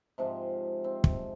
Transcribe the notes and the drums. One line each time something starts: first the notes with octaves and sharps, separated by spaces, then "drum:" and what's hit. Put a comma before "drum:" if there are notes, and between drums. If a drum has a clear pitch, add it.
G#2 C3 F3
C4
drum: kick